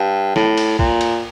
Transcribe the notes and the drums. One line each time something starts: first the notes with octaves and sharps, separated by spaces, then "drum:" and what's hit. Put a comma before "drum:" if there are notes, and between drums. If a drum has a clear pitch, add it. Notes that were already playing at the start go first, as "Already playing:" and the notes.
Already playing: G2
A2, drum: snare
drum: cymbal
A#2, drum: kick
drum: cymbal